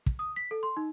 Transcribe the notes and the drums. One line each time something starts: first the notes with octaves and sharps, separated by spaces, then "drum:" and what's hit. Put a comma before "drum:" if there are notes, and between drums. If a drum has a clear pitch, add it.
drum: kick
D#6
B6
A4
C6
D#4